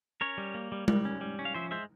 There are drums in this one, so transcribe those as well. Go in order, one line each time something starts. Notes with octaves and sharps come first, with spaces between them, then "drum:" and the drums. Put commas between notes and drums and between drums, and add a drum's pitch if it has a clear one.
C#4 A#4 C#5
G3
A#3
G3
G3, drum: tom G#3
C#4
G3
C#4
F5
F3 C5 E5
G#3 C5 E5